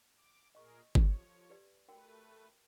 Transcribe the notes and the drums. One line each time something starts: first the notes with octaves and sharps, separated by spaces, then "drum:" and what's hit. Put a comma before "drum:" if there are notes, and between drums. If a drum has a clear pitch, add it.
D6
A#2 G#4 A#4 D#5 C#6
F3 G4 A4 C#5, drum: kick G1
G4 B4 D5
A3 F#4 A#4 B4 G5